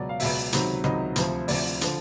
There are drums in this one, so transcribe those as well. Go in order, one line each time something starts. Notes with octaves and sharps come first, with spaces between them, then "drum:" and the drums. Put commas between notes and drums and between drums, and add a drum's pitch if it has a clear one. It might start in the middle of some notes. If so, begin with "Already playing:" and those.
Already playing: C#2 B2 F#3 D5
F5
C#2 B2 F#3 E5, drum: open hi-hat
C#2 C3 D#3 F#3, drum: hi-hat
C#2 C3 D#3 F#3 D#5, drum: rim click
D2 C3 F3, drum: hi-hat
D2 C3 F3 D5, drum: open hi-hat
D3 F3, drum: hi-hat